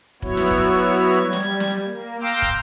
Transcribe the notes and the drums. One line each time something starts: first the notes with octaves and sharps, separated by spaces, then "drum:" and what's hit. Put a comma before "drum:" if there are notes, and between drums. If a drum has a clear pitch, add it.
F#3 B3 E4 F#4 C#5, drum: kick
drum: snare
drum: kick
G3 G#6
drum: snare
drum: snare
A#3
F5 G5 A#5 C6 D6 E6
drum: kick